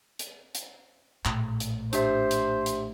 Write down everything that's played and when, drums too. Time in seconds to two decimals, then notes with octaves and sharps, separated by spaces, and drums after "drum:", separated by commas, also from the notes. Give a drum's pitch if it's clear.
0.19 drum: hi-hat
0.55 drum: hi-hat
1.25 A#1 A2, drum: clap
1.60 drum: hi-hat
1.93 D4 G4 C5 E5, drum: hi-hat
2.31 drum: hi-hat
2.66 drum: hi-hat